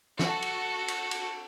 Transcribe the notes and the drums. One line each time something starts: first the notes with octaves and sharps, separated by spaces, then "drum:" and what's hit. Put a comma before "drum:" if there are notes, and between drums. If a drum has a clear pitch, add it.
F#4 A4, drum: snare
drum: cymbal
drum: cymbal
drum: cymbal